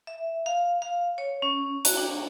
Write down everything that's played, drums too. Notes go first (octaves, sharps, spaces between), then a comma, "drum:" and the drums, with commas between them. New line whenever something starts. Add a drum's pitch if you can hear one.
E5
F5
F5
C#5
C#4
F#4, drum: hi-hat
D4